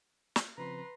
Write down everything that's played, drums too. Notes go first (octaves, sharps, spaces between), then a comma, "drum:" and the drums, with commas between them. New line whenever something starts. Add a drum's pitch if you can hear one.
drum: snare
C#3 F3 C4 B4 A#5 C6